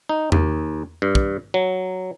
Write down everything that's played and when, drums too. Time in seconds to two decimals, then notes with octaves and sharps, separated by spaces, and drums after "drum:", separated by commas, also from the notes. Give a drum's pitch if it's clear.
0.09 D#4
0.32 D#2, drum: tom E2
1.02 G2
1.15 drum: kick
1.54 F#3